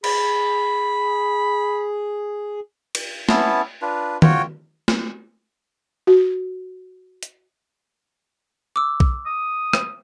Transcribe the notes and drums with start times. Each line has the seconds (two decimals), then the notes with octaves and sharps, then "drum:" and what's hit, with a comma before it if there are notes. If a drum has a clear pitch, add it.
0.04 G#4 B5, drum: cymbal
2.95 drum: cymbal
3.29 B3 C#4 E4 A5, drum: snare
3.82 D4 F4 B4
4.22 F4 F#4 C#5 G5, drum: tom D#3
4.88 drum: snare
6.07 F#4
7.23 drum: hi-hat
8.76 D6 E6
9.00 drum: kick B1
9.26 D#6
9.73 drum: rim click